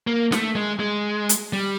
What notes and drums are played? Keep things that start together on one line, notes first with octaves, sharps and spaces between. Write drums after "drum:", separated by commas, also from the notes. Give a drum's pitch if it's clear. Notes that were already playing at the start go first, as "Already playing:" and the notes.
A#3
A3, drum: snare
G#3
G#3
drum: hi-hat
G3